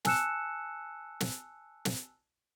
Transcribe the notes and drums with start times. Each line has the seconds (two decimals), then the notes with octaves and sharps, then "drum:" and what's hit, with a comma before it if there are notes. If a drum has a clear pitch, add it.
0.05 G#5 A5 E6 F#6 C#7 E7, drum: snare
1.20 drum: snare
1.85 drum: snare